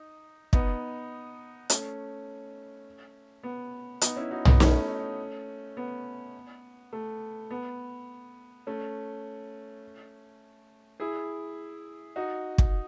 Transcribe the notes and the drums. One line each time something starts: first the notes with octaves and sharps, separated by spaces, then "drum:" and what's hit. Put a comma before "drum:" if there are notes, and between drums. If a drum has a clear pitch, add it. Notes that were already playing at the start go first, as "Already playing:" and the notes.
Already playing: D#4
B3 D#4, drum: kick
A3 C#4, drum: hi-hat
B3
B3 D#4, drum: hi-hat
C#4 E4
D#4 F#4
B3 D#4, drum: tom
A3 C#4, drum: snare
B3
A3
B3
A3 C#4
E4 G#4
D#4 F#4
drum: kick